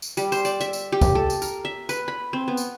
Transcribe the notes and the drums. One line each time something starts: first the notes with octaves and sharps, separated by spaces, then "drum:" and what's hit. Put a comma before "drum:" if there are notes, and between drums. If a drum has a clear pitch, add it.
drum: tambourine
G3, drum: tambourine
C5, drum: tambourine
D5, drum: tambourine
E5, drum: tambourine
drum: tambourine
G4
drum: kick, tambourine
A4
drum: tambourine
A#4, drum: tambourine
E5
B4, drum: tambourine
B5
C4
B3
drum: tambourine